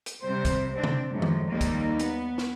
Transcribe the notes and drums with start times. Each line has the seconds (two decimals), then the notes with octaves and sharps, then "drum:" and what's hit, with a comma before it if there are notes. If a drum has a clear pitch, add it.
0.06 drum: hi-hat
0.21 C3 G3 C5
0.45 drum: kick, hi-hat
0.74 C4 D4
0.84 drum: tom C3
1.11 F#2 A2 F3 G#3
1.22 drum: tom D#3
1.48 D#2 G3 A#3 D#4
1.61 drum: kick, hi-hat
1.99 B3, drum: hi-hat
2.38 drum: snare